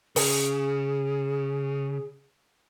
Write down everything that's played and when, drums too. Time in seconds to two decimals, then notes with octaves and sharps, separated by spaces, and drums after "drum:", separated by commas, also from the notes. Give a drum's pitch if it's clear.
0.16 C#3 G#4, drum: open hi-hat